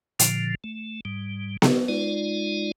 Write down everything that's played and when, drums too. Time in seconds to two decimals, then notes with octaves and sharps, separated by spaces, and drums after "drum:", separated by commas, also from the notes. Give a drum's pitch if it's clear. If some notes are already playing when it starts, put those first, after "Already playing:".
0.19 A#2 D3 F3, drum: hi-hat
0.64 A3
1.05 G#2 G3
1.62 drum: snare B3
1.88 G#3 D#4 F4 D5